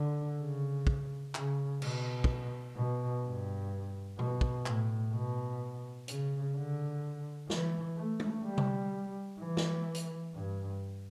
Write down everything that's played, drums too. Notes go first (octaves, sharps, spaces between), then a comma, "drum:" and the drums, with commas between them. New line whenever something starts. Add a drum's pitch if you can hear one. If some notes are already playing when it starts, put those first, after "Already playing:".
Already playing: D3
C#3
drum: kick
C#3, drum: clap
B2, drum: cymbal
drum: kick
B2
G2
B2, drum: tom G2
drum: kick
A2, drum: clap
B2
C#3, drum: hi-hat
D3
E3, drum: snare
A3
drum: tom G#3
G3
drum: tom C3
E3
drum: snare
drum: hi-hat
G2